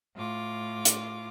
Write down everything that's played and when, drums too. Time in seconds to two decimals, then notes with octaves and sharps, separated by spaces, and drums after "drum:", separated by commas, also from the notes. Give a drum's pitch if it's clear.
0.15 A2 F4 D6
0.85 drum: hi-hat